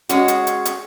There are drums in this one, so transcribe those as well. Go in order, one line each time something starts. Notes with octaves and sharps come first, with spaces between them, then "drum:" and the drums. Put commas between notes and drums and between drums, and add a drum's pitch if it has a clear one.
G#3 C#4 F#4, drum: hi-hat
drum: hi-hat
drum: hi-hat
drum: hi-hat